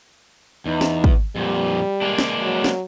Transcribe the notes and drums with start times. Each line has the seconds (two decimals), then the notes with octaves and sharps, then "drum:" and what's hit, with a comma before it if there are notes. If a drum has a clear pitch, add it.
0.66 E2 D#4
0.81 drum: snare
1.04 drum: kick
1.36 F2 A#2 G3
2.01 G#3 A#3 D4
2.18 drum: snare
2.41 F#3
2.64 drum: snare